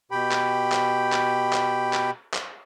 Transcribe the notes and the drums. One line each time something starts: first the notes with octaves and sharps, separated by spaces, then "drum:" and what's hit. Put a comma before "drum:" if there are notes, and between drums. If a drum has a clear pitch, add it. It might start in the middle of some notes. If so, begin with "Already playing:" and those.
B2 G4 G5 B5
drum: clap
drum: clap
drum: clap
drum: clap
drum: clap
drum: clap